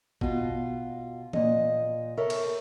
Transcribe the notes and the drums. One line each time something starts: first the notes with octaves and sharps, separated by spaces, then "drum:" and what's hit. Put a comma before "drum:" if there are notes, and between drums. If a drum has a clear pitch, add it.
B2 F4, drum: kick G#1
A#2 D#5, drum: tom E3
A4 A#4 C#5 E5
drum: cymbal